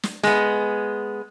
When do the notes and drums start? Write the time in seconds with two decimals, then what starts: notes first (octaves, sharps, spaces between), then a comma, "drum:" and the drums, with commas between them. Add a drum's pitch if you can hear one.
0.03 drum: snare
0.23 G#3 B3, drum: snare